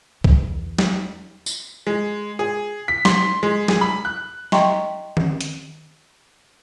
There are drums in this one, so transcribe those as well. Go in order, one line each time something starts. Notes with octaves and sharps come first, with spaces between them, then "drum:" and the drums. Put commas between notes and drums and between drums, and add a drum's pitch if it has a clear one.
E2, drum: kick C2
drum: snare
drum: tambourine
G#3
G#4
B6
C6, drum: snare
G#3
G#4, drum: snare
B5
F#6
D#5 E5 G5 A#5 C6 C#6, drum: snare
drum: tom D#3
drum: hi-hat